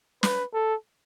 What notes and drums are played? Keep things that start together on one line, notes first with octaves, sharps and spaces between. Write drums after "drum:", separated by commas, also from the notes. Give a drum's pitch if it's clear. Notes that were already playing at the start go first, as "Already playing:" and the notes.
B4, drum: snare
A4